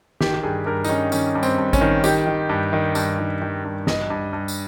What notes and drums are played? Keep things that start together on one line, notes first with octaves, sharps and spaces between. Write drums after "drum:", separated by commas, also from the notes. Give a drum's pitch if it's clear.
D#3 G4, drum: snare
G4
G2 G#4
G2 A#4
D#4, drum: tambourine
D#3 C#4
D#3 C#4, drum: tambourine
G2
C4, drum: tambourine
G2
C#4, drum: kick, tambourine
D#3
D#3 G4, drum: tambourine
D#3
G2
D#3
G2, drum: tambourine
D#3
D#3
G2
G2 D#5, drum: snare
G2
G2
drum: tambourine